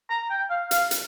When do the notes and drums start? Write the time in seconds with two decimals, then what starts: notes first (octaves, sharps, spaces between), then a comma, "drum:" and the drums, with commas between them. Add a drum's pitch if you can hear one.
0.10 A#5
0.30 G5
0.50 F5
0.71 F5, drum: hi-hat
0.91 drum: hi-hat